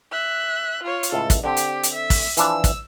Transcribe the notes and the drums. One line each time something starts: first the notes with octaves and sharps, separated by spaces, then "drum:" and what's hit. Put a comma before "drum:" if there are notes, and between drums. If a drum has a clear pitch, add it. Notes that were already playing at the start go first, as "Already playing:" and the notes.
E5 F#6
F4 C#5
drum: hi-hat
C#2 A2 A4
drum: kick, hi-hat
D3 C4 G4
drum: hi-hat
drum: hi-hat
E5
drum: kick, open hi-hat
E3 F3 D4 E6, drum: hi-hat
drum: kick, hi-hat